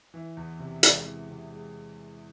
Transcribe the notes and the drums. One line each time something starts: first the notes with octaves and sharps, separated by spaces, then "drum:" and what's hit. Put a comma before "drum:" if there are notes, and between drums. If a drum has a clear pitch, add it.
E3
E2
C3
G#3, drum: hi-hat
E3
C3
G#3